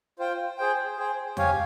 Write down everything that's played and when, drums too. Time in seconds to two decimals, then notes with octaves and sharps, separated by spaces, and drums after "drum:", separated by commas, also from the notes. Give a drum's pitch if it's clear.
0.19 F4 C5 G5
0.58 G#4 C5 G5
0.97 G#4 C5 G5
1.37 G4 C#5 F5 G#5, drum: tom E2